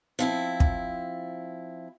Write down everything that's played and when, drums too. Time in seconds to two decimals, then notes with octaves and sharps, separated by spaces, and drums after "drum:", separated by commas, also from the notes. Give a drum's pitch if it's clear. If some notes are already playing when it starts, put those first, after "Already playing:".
0.19 F3 C4 E4
0.60 drum: kick